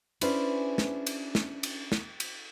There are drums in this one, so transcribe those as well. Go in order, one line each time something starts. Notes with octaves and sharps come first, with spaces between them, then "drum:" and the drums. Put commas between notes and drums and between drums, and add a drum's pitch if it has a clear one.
C#4 D4 E4 G#4 B4 C5, drum: cymbal
drum: snare
drum: cymbal
drum: snare
drum: cymbal
drum: snare
drum: cymbal